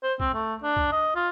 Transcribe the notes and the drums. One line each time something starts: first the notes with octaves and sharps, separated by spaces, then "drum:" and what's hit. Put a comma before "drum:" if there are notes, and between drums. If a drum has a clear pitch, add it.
C5
C4, drum: kick
A3
D4
drum: kick
D#5
F4